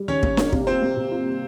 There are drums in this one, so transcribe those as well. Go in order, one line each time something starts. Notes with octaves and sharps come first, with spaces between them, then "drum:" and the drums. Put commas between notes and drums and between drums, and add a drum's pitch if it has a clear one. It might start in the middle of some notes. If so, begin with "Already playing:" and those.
Already playing: G3
D#3 C#4 C#5
A#3, drum: kick
A#3, drum: snare D4
C3, drum: kick
C4 F4 C5
A#3
C3
F4